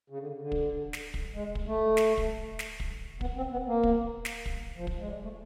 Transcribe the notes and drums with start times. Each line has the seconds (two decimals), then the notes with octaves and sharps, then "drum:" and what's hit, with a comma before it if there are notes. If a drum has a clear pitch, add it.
0.10 C#3
0.19 D3
0.27 C#3
0.41 D3
0.52 drum: kick
0.93 drum: snare
1.14 drum: kick
1.34 G#3
1.55 drum: kick
1.66 A3
1.97 drum: snare
2.18 drum: kick
2.59 drum: snare
2.80 drum: kick
3.21 B3, drum: kick
3.37 C4
3.52 B3
3.68 A#3
3.83 drum: kick
4.25 drum: snare
4.46 drum: kick
4.77 F3
4.87 drum: kick
5.00 G#3
5.08 G3
5.23 A3